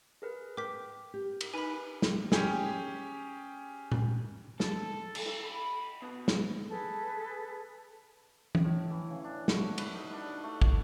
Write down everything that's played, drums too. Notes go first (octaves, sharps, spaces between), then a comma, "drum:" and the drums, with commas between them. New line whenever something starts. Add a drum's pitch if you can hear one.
G#4 A#4 B4
A#4 G5 D6 B6
G4
drum: cymbal
D#4 B4 G#5 B5
drum: snare
C#4 G4 G#4, drum: snare
drum: tom A#2
A4, drum: snare
drum: cymbal
A4
B5
B2
drum: snare
G#4 A4 B4
drum: tom E3
A2
E3
C#3
D4
F#4, drum: snare
A4
B4, drum: cymbal
D#4
D4
D#4
A3
D4, drum: kick